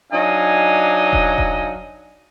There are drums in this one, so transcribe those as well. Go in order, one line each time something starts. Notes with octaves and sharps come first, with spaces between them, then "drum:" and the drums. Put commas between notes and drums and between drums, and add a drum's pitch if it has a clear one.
F#3 D4 D#4 D#5 F5 G#5
drum: kick E1
drum: kick E1